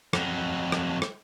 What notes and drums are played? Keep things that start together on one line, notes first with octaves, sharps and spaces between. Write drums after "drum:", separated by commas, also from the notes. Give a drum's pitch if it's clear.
F2 F#3, drum: rim click
drum: rim click
drum: rim click